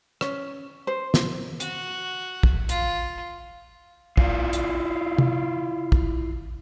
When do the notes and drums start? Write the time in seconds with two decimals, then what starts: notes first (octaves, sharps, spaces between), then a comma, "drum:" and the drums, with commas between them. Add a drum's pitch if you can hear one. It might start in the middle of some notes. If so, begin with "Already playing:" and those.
0.21 C#4, drum: rim click
0.87 C5
1.14 drum: snare
1.60 F#4, drum: hi-hat
2.43 drum: kick
2.69 F4, drum: hi-hat
4.17 E4 F4 D5, drum: kick
4.53 drum: hi-hat
5.18 drum: tom
5.92 drum: kick